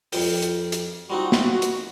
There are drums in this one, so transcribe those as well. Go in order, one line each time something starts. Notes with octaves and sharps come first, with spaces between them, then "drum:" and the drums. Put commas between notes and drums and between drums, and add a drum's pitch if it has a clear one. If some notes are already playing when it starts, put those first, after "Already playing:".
F2 F4 G5, drum: open hi-hat
drum: hi-hat
drum: hi-hat
G3 C4 D#4 F#4
drum: snare
drum: hi-hat